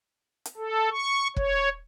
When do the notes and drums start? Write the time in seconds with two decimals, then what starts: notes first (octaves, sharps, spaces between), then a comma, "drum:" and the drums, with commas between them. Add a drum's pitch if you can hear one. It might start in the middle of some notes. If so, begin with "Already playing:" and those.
0.45 drum: hi-hat
0.57 A4
0.91 C#6
1.36 C#5, drum: kick